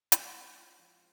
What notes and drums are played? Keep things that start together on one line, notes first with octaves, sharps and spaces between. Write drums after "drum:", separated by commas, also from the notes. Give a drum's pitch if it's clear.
G#3 F5, drum: hi-hat
C4
F4 G5
F3